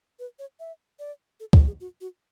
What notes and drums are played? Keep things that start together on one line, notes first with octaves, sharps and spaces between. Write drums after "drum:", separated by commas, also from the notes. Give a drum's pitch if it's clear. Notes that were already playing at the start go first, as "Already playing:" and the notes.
B4
C#5
E5
D5
A4
A4, drum: kick C#2
G#4
F#4
F#4